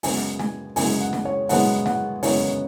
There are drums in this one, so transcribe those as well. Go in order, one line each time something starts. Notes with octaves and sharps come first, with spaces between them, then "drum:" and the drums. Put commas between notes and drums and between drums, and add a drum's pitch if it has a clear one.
F#2 C#3 G#3 B3 G#5, drum: open hi-hat
G#5, drum: snare
F#2 C#3 G#3 B3 G#5, drum: open hi-hat
F#5
drum: snare
C#5
F#2 C#3 G#3 B3 F#5, drum: open hi-hat
F#5, drum: snare
F#2 C#3 G#3 B3 C#5, drum: open hi-hat
C#5